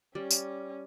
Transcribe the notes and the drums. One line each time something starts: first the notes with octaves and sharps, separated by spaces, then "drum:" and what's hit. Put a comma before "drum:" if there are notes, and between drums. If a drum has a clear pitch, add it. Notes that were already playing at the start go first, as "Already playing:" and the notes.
G3 C#4
drum: tambourine